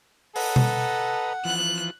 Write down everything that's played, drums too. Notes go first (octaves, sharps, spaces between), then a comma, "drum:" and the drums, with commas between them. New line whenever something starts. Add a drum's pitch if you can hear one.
A4 B4 D#5 F#5 A#5, drum: open hi-hat
drum: tom B2
E3 F3 F#6